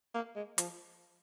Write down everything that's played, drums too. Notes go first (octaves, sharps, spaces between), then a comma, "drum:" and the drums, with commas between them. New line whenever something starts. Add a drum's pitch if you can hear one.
A#3
G#3
F3, drum: hi-hat